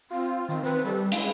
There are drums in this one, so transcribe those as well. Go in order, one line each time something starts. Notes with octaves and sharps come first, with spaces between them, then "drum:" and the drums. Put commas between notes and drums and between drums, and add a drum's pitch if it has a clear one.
C4 F4
D#3 C4
C4 B4
G3 A4
G#3 E4, drum: hi-hat